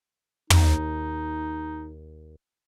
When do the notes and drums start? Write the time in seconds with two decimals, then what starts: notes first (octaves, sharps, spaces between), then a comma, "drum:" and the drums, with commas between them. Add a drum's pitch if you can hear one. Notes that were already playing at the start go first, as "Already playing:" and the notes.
0.50 D#2 D#4, drum: tom